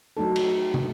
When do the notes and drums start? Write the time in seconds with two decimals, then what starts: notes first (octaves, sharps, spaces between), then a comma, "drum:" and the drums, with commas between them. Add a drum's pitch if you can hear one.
0.17 F#3 A3 D#4 A4
0.36 drum: cymbal
0.74 drum: tom